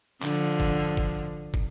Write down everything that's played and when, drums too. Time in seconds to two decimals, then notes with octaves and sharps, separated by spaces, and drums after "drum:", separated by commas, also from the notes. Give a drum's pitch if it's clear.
0.22 D3 F3, drum: clap
0.60 drum: kick
0.97 drum: kick
1.54 drum: kick